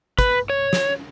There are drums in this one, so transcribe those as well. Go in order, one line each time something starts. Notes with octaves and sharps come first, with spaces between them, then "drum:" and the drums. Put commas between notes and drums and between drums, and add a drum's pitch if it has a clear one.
B4, drum: kick, hi-hat
C#5
drum: snare